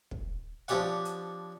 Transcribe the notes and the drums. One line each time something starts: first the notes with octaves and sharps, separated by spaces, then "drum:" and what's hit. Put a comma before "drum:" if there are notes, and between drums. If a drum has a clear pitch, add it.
drum: kick
F3 C4 D4 G4 C#5 F#5, drum: hi-hat
drum: hi-hat